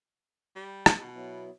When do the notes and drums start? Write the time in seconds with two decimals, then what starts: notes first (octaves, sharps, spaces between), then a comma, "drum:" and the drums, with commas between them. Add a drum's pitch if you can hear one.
0.56 G3
0.86 drum: rim click
1.01 B2
1.15 F#3 B3 E4